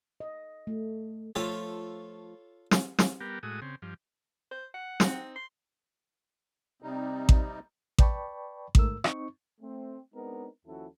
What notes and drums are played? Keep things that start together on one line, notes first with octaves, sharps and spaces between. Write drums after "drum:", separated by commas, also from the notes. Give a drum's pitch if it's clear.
D#5
A3
F3 A3 F4 A4 C#5
drum: snare
drum: snare
G3 B3 G4 A#4
A2 G#3 F#4 D#6
C#3 C4
G2 F3
C5
F#5
C4 D#4, drum: snare
C6
C3 G3 C4 D#4
drum: kick A1
B4 D5 G5 A5 B5 C#6, drum: kick A1
D2 G#2 A3 A#4 E6, drum: kick A1
C4 D#4 C#6, drum: rim click
A3 C4
G#3 B3 C4 D4 D#4 A#4
D#2 F3 C#4 E4 F#4 A4